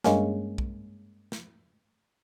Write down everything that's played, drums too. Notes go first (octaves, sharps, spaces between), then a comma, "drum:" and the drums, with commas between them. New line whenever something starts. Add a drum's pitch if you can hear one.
G2 G#3 A#3 C#4, drum: snare
drum: kick B1
drum: snare